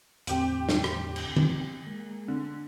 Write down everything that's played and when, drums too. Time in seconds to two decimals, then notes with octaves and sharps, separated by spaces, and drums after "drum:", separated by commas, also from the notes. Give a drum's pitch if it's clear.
0.27 E2 A2 D3 C4 G4 G5, drum: hi-hat
0.69 drum: snare
0.84 drum: rim click
1.16 drum: cymbal
1.37 drum: tom D3
1.87 G#3 A#3
2.28 D3